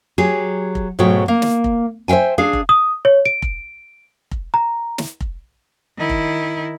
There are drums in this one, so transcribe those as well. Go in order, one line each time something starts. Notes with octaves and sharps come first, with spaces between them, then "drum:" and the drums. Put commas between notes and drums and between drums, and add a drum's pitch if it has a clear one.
F#3 G4 G#4
drum: kick F1
G#2 B2 F#3 A3 G5
A#3
drum: snare
drum: kick F1
C5 E5 F5 G5 G#5
D4 G#4 F5
drum: kick F1
D#6
C#5
D7
drum: kick F1
drum: kick F1
A#5
drum: snare
drum: kick F1
D#3 E4
drum: kick F1